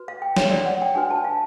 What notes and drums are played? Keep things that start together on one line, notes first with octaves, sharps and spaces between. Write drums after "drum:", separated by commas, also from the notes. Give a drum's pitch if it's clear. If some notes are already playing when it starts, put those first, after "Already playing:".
Already playing: F#4 B4
F5
G5
F#4 B4 C#5, drum: snare
D5
F#5
G5
D4 F#4 B4 G#5
A5
F5